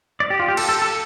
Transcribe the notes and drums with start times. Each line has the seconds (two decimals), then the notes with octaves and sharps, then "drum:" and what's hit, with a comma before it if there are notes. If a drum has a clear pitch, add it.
0.20 D5
0.30 G4
0.40 F4
0.48 G4
0.57 A4, drum: cymbal
0.69 A4
0.82 A4